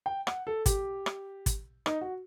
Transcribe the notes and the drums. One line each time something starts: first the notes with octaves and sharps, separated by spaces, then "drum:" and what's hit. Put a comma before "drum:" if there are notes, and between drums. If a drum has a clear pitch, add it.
G5
F#5, drum: rim click
A4
G4, drum: kick, hi-hat
drum: rim click
drum: kick, hi-hat
D#4, drum: rim click
F#4